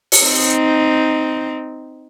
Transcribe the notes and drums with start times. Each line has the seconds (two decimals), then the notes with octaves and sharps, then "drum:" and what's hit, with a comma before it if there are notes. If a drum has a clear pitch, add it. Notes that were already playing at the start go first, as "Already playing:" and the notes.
0.12 drum: open hi-hat
0.23 C4 D#4